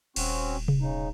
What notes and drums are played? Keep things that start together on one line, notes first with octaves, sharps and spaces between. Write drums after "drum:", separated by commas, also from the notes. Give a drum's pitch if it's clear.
D#1 C4 C#4 F#4, drum: cymbal
drum: tom C3
C#3 D#4